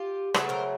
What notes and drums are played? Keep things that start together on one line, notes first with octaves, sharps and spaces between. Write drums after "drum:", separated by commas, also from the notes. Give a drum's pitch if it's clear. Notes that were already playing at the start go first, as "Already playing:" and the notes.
Already playing: F4 G4
C#3 F#3 A3 A4 B4, drum: rim click
A#4 C5